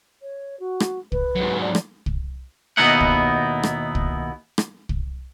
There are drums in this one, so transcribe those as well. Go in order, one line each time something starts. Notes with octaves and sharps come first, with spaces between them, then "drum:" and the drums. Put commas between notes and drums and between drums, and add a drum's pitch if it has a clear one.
C#5
F#4
drum: rim click
B4, drum: kick
G#2 F#3
D5
drum: rim click
drum: kick
D#2 B2 B3 D#4 E4 F#5
drum: kick
drum: rim click
drum: kick
drum: rim click
drum: kick